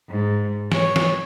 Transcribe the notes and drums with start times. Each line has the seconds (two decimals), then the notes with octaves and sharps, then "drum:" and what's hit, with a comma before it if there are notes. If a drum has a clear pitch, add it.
0.11 G#2
0.72 C#5, drum: snare
0.96 drum: snare